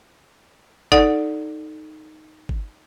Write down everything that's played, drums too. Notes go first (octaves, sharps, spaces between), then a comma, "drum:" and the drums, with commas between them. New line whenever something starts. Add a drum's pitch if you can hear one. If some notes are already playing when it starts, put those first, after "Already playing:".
D#4 A4 D5 F#5, drum: kick G1
drum: kick G1